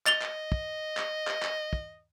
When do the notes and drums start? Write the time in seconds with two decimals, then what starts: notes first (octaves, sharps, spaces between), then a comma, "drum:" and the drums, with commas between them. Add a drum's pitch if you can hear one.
0.06 D#5 A6 F7 G7, drum: clap
0.21 drum: clap
0.52 drum: kick
0.97 drum: clap
1.27 drum: clap
1.42 drum: clap
1.73 drum: kick